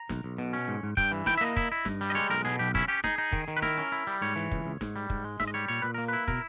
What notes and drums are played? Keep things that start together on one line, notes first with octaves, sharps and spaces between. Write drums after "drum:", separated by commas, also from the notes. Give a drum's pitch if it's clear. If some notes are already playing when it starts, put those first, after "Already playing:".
Already playing: A#5
B1, drum: snare
B1
B2
C#4
G#2
G#2
G2 G5, drum: kick
E3
E4 G5, drum: snare
E5
A#3 D#5
E4, drum: kick
E4
G2, drum: snare
G3
D#5
G#3 C#5
B1 A#4
B2 G#4
B1 G4
C#4 E4, drum: kick
C#4 G4
D#4 G#4, drum: snare
D#4
D#3, drum: kick
D#3
B4
E4 A#4, drum: snare
C#4
E4
G3
G#2 C#5
E3
C#2, drum: kick
C#2
G#2, drum: snare
G3
G#2, drum: kick
G#3
G#2 E5, drum: snare
D#5
G3 C#5
A#2 C#5
A#2 B4
A#3 A#4
E4 B4
B2 A#4, drum: kick